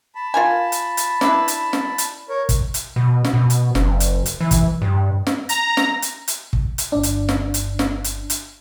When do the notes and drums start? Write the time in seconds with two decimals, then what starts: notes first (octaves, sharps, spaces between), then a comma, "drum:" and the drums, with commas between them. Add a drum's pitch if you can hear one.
0.15 A5 B5
0.34 F4 A#4 G#5
0.72 drum: hi-hat
0.97 drum: hi-hat
1.21 D4 E4 B4, drum: snare
1.48 drum: hi-hat
1.73 drum: snare
1.98 drum: hi-hat
2.29 A#4 C#5
2.49 drum: kick, hi-hat
2.74 drum: hi-hat
2.96 B2
3.25 drum: snare
3.34 B2
3.50 drum: hi-hat
3.75 F#1, drum: snare
4.00 drum: hi-hat
4.26 drum: hi-hat
4.41 E3
4.51 drum: kick, hi-hat
4.82 G2
5.27 drum: snare
5.49 A#5, drum: hi-hat
5.77 drum: snare
6.02 drum: hi-hat
6.28 drum: hi-hat
6.53 drum: kick
6.78 drum: hi-hat
6.92 G1 D4
7.03 drum: hi-hat
7.29 drum: snare
7.54 drum: hi-hat
7.79 drum: snare
8.04 drum: hi-hat
8.30 drum: hi-hat